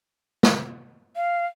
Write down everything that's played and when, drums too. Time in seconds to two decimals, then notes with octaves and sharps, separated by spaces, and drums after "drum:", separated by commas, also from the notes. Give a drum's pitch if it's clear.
0.43 drum: snare
1.16 F5